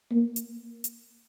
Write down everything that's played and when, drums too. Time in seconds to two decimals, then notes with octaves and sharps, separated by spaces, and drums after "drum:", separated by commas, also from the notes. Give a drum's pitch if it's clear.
0.11 A#3
0.36 drum: hi-hat
0.84 drum: hi-hat